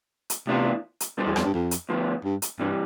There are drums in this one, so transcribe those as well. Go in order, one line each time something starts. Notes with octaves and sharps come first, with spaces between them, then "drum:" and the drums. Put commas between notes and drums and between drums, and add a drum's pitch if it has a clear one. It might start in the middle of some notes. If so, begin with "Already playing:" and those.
drum: hi-hat
A2 C3 E3 B3 D4 F4
drum: hi-hat
B2 G3 D4 A4 C5
E2
F2, drum: rim click
G2
F2
drum: hi-hat
D2 D3 F3 B3
G2
drum: hi-hat
G2 C3 E3 G3